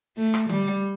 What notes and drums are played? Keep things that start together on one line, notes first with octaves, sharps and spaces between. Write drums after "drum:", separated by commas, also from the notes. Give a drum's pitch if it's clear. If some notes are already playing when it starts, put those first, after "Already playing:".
A3
drum: rim click
G3, drum: tom D3